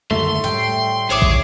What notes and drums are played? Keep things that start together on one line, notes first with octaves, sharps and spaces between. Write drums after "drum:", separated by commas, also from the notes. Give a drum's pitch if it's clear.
F#2 D3 D#3 A3 C6
A2 G3 G5
A1 A2 G#4 C#5 E5 D6
drum: kick